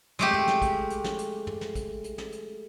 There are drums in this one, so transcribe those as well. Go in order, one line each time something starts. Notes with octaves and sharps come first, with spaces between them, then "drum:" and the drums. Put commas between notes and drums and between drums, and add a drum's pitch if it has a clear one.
G#3 A3 G4
drum: tom
drum: snare
drum: kick, hi-hat
drum: hi-hat
drum: snare
drum: hi-hat
drum: tom
drum: snare
drum: kick, hi-hat
drum: hi-hat
drum: snare
drum: hi-hat